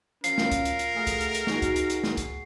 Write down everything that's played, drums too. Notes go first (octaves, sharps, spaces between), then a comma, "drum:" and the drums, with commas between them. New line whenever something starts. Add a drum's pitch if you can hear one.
F3 C#4 A#4 C7, drum: hi-hat
drum: snare
drum: kick C#2, hi-hat
drum: hi-hat
drum: hi-hat
A3 G#4 F#5
drum: kick C#2, hi-hat
drum: hi-hat
drum: hi-hat
D#4 F#4 G#5, drum: snare
drum: kick C#2, hi-hat
drum: hi-hat
drum: hi-hat
drum: snare
drum: kick C#2, hi-hat